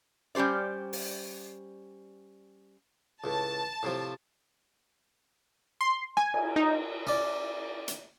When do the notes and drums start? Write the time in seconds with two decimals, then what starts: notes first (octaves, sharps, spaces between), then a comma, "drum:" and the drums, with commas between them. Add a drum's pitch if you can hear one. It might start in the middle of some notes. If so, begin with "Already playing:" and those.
0.35 G3 C#4 G4 C5 D5
0.93 drum: open hi-hat
3.24 C#2 A2 A5
3.83 A2 C3 F3
5.81 C6
6.17 G#5, drum: rim click
6.34 drum: cymbal
6.56 D#4
7.07 C#4 D5
7.88 drum: hi-hat